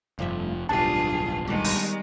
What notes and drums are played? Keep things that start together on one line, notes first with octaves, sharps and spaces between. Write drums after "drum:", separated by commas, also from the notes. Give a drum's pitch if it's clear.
F1 G2 F3 A3 E4
D1 B1 G2 D4 F4 G4 G#4 A5
D#3 G3 G#3 B3
drum: open hi-hat